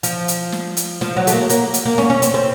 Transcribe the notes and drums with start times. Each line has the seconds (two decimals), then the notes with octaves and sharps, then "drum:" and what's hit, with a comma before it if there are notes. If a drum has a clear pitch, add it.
0.03 F3, drum: hi-hat
0.28 drum: hi-hat
0.52 drum: snare
0.77 drum: hi-hat
1.01 F3, drum: snare
1.16 F#3
1.27 A3, drum: hi-hat
1.33 A#3
1.49 A#3, drum: hi-hat
1.74 drum: hi-hat
1.85 A#3
1.98 C#4, drum: snare
2.10 C#4
2.22 C4, drum: hi-hat
2.34 C4